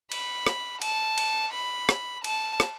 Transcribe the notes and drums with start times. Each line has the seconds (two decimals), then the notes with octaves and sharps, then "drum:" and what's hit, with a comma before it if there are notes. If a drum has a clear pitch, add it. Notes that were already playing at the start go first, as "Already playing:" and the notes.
0.12 B5, drum: cymbal
0.47 drum: rim click
0.82 A5, drum: cymbal
1.18 drum: cymbal
1.54 B5
1.89 drum: rim click
2.24 A5, drum: cymbal
2.60 drum: rim click